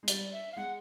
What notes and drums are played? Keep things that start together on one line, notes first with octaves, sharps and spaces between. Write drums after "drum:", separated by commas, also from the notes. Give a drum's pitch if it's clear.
G#3
G3 D5, drum: hi-hat
E5
F5
G#3 F#5